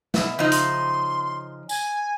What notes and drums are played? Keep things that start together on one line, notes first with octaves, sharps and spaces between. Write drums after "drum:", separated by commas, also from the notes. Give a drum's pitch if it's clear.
B2 E5, drum: snare
C#3 F3 D#4 D#5
C6, drum: hi-hat
G#5, drum: tambourine